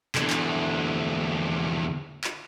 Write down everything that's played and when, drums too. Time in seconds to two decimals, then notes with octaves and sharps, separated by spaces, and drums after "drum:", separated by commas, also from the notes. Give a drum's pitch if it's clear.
0.15 E2 D3, drum: clap
0.30 drum: clap
2.24 drum: clap